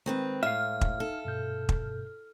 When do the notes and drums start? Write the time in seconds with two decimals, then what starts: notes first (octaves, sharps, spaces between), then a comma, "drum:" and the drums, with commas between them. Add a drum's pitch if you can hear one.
0.06 D#3 G#3 C4 B4
0.43 A2 E5 F5 F6
0.81 drum: kick
1.00 D#4 A4
1.25 G2 B2 G6
1.69 drum: kick